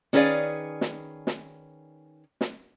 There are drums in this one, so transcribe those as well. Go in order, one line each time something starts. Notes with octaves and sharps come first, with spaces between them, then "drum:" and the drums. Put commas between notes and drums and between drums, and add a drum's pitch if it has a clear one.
D#3 C#4 G#4 B4 D5 F5, drum: snare
drum: snare
drum: snare
drum: snare